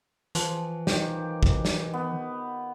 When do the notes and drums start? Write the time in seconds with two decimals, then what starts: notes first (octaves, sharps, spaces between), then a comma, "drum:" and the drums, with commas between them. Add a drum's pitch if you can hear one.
0.35 E3 F3, drum: hi-hat
0.87 D#3 G4, drum: snare
1.43 drum: kick
1.65 drum: snare
1.94 B3